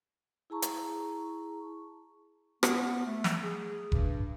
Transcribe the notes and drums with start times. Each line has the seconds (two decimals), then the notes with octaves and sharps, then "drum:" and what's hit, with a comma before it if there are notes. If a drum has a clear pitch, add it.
0.50 E4 G#4 A5 A#5 C#6
0.62 drum: hi-hat
2.63 B3, drum: rim click
3.06 A3
3.24 drum: snare
3.44 G#4
3.92 G2, drum: kick F1